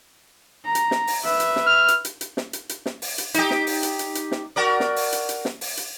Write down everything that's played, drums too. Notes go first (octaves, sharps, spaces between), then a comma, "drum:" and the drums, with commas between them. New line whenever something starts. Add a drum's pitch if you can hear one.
A#5
drum: hi-hat
drum: snare
drum: open hi-hat
B4 E5
drum: hi-hat
drum: snare
F6
drum: hi-hat
drum: hi-hat
drum: hi-hat
drum: snare
drum: hi-hat
drum: hi-hat
drum: snare
drum: open hi-hat
drum: hi-hat
D#4 G4, drum: hi-hat
drum: snare
drum: open hi-hat
drum: hi-hat
drum: hi-hat
drum: hi-hat
drum: snare
F#4 A#4 D5
drum: snare
drum: open hi-hat
drum: hi-hat
drum: hi-hat
drum: snare
drum: open hi-hat
drum: hi-hat